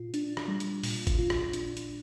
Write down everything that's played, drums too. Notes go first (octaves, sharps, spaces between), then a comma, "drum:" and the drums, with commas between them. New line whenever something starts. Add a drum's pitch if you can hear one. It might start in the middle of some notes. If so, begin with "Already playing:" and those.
Already playing: A#2 F4
D4, drum: hi-hat
drum: rim click
G3
drum: hi-hat
A#2, drum: open hi-hat
drum: kick G#1, hi-hat
F4
drum: rim click
D4, drum: hi-hat
drum: hi-hat